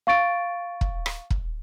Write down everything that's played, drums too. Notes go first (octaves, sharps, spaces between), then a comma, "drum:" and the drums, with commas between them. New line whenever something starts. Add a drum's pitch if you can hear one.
F5 C#6 A6 D7
drum: kick
drum: rim click
drum: kick